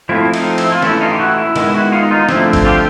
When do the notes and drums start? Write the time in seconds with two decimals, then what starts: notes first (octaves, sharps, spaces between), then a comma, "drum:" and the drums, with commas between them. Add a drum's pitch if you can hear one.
0.09 F3 A3 C4 E4
0.34 D#4, drum: cymbal
0.58 E4, drum: cymbal
0.72 F4
0.82 E3 A3 C#4 E4, drum: snare
1.01 D#4 F4
1.11 G4
1.19 E4 F#4
1.38 E4
1.56 D#3 G#3 B3 E4, drum: cymbal
1.74 E4 F#4
1.92 D#4 F4
2.11 D#4 F4
2.29 D3 F3 A3 C4 E4, drum: snare
2.53 drum: kick, cymbal
2.65 F4 G4